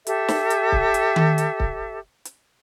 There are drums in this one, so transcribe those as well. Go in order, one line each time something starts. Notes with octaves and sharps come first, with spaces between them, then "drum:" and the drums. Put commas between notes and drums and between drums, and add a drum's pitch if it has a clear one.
G4 A4 E5, drum: hi-hat
drum: snare
drum: hi-hat
drum: kick C#1
drum: hi-hat
drum: tom D#3
drum: hi-hat
drum: kick C#1
drum: hi-hat